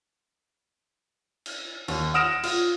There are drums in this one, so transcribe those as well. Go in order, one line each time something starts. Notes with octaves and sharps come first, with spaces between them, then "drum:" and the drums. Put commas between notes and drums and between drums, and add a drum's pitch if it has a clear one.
drum: cymbal
D#2, drum: cymbal
F#5 D#6 F6 A#6 D7 E7
F4, drum: cymbal